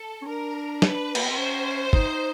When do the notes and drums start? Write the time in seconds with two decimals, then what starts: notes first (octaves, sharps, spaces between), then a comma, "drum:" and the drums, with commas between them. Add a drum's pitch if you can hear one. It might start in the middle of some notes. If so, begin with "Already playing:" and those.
Already playing: A4
0.21 C#4
0.27 D4 A#4
0.82 B4, drum: snare
1.15 A#3, drum: cymbal
1.23 B3
1.30 C4
1.37 C#4 C5
1.93 D#4, drum: kick